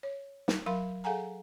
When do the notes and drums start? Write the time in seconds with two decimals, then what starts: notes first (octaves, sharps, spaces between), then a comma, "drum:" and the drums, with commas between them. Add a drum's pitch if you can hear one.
0.03 C#5
0.48 drum: snare
0.66 F#3 A#4 F5 B5 C6
1.04 G#4 A4 F5 F#5 G#5 A#5